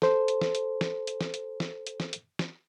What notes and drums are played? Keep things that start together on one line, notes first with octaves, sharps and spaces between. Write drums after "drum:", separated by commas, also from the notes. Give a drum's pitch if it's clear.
A4 C5, drum: snare
drum: hi-hat
drum: snare
drum: hi-hat
drum: snare
drum: hi-hat
drum: snare
drum: hi-hat
drum: snare
drum: hi-hat
drum: snare
drum: hi-hat
drum: snare